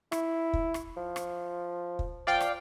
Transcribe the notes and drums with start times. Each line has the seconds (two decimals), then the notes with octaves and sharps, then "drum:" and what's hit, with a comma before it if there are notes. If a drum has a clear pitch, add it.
0.12 E4, drum: rim click
0.53 drum: kick
0.74 drum: rim click
0.97 F3
1.16 drum: rim click
1.99 drum: kick
2.27 F3 D5 F5 G5
2.41 drum: rim click